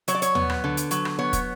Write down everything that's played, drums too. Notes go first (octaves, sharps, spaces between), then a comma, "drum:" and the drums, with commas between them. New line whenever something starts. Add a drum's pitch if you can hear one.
F#3 C#5, drum: hi-hat
D5
C#5, drum: hi-hat
B3, drum: tom
drum: rim click
D3
drum: hi-hat
F#3, drum: hi-hat
drum: rim click
B3 C#5
drum: kick, hi-hat